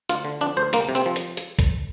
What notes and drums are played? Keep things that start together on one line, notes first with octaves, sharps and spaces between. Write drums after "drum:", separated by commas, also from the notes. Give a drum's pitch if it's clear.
D2 F4, drum: hi-hat
D3
F3 D4
D2 C5
C2 A#3, drum: hi-hat
C3
C4, drum: hi-hat
F3
drum: hi-hat
drum: hi-hat
drum: kick A#1, hi-hat